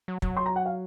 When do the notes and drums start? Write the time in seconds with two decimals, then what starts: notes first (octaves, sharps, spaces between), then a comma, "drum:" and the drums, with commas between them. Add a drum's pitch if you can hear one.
0.08 F#3
0.22 F#3, drum: kick
0.37 C6
0.46 A#5
0.56 F#5
0.66 F5